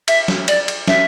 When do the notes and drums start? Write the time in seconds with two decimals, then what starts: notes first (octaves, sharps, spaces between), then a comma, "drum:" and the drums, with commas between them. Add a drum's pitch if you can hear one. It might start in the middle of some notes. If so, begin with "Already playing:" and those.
0.08 E5, drum: cymbal
0.28 drum: snare
0.48 D5, drum: cymbal
0.68 drum: cymbal
0.88 E5, drum: snare